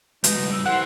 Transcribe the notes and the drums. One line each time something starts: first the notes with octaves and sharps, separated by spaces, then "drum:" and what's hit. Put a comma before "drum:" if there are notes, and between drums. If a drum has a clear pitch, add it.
D2 G#2 B2 D#4, drum: hi-hat
G2 C#3
E6
C2 E4 B4 F#5 C6